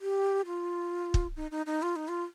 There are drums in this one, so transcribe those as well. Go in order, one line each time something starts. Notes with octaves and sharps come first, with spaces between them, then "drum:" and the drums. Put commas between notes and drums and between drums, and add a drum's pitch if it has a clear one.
G4
F4
drum: kick
D#4
D#4
D#4
F4
D#4
F4